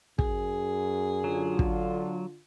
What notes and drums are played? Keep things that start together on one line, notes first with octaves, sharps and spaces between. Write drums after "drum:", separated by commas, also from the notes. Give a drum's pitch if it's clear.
F#2 G#4, drum: kick
D3 F#3 F4
drum: kick